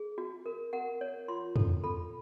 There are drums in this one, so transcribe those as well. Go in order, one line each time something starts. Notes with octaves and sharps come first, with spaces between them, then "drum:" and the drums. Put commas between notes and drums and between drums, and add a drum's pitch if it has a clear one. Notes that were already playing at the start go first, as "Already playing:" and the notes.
Already playing: G#4
F#4
A#4
A#4 F#5
C#5
F4 C6
A4, drum: tom
A4 B5